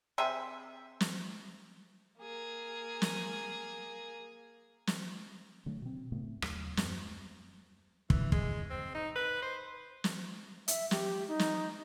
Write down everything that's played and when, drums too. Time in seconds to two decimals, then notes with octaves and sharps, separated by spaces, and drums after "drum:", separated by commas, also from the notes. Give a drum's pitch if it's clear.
0.18 C3 G#4 C5 E5
1.00 drum: snare
2.20 A#3 G#4
3.02 drum: snare
4.87 drum: snare
5.66 D3 F#3 A3
5.82 B2 C4
6.12 A2 C#3 A3 B3
6.42 D#2 F#3 A3, drum: rim click
6.77 F#2 F#3 B3, drum: snare
8.10 E3, drum: kick
8.32 G#3, drum: kick
8.70 C4
8.95 D#4
9.16 B4
9.42 C5
10.04 drum: snare
10.68 E5, drum: hi-hat
10.91 G4, drum: snare
11.28 D#4
11.39 drum: snare